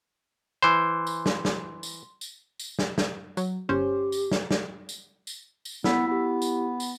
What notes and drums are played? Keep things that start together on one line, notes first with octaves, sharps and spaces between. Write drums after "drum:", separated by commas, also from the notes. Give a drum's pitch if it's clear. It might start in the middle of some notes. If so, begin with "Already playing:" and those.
E3 C5 C6
drum: tambourine
drum: snare
drum: snare
drum: tambourine
drum: tambourine
drum: tambourine
drum: snare
drum: snare
F#3, drum: tambourine
G1 C#4 G4 C5
drum: tambourine
drum: snare
drum: snare
drum: tambourine
drum: tambourine
drum: tambourine
B3 E4 E6 B6, drum: snare
B3 E4 G4
drum: tambourine
drum: tambourine